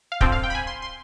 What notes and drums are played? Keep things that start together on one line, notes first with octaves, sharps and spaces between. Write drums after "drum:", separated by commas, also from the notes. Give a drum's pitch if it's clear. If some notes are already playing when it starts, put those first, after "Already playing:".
F5
D3 F3 C4 G5, drum: kick
F5
G5
B5
G#5
C6
C6